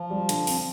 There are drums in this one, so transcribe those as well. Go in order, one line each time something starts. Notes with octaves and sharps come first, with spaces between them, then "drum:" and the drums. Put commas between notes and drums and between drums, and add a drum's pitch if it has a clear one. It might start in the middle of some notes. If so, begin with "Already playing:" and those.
Already playing: F3
G3
D3, drum: hi-hat
C4, drum: open hi-hat